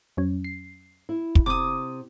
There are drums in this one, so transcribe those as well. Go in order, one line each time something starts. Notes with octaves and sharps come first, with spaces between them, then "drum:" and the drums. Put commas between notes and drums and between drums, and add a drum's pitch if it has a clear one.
F2 F#3 C#4
C7
E4
drum: kick
C3 D6 D#6